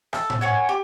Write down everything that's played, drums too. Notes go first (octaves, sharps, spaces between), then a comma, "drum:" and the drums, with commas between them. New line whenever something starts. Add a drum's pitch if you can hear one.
A4, drum: rim click
drum: tom A2
C#5 F#5 G#5
G4